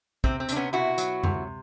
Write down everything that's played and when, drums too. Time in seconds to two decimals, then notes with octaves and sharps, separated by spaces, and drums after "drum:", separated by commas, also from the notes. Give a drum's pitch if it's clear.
0.24 C3 C4, drum: kick
0.40 C4
0.48 C3 D4, drum: hi-hat
0.56 B3 C#4
0.73 B2 E4 F#4
0.98 F#3, drum: hi-hat
1.23 C3, drum: tom F#2